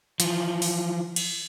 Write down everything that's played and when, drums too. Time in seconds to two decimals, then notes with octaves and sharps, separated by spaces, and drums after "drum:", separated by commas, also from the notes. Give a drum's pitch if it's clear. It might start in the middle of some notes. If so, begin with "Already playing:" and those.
0.20 E3 F3, drum: hi-hat
0.62 drum: open hi-hat
1.16 drum: cymbal